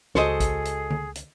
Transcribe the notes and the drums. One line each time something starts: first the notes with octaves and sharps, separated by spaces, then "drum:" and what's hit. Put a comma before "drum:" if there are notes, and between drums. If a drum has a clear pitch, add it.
C#2 F#4 G#4 A4 C5 D#5, drum: snare
drum: kick A1, hi-hat
drum: hi-hat
drum: tom D3
drum: hi-hat